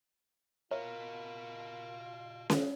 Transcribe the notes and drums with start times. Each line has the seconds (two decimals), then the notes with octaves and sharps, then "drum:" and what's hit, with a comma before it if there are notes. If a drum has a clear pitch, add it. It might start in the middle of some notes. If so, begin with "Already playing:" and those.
0.71 F4 F#4 A#4 C#5 D#5 E5
2.50 drum: snare C#4